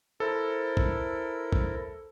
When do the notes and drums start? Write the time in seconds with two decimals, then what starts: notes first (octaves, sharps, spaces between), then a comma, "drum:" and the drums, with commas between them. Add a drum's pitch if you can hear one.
0.20 E4 A4 A#4 C5
0.77 drum: kick
1.53 drum: kick